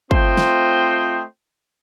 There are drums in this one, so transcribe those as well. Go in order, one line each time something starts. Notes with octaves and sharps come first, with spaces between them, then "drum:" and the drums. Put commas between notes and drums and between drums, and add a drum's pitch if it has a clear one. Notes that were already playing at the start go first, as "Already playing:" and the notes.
A3 C4 F4 C5 D#5 G5, drum: kick
drum: snare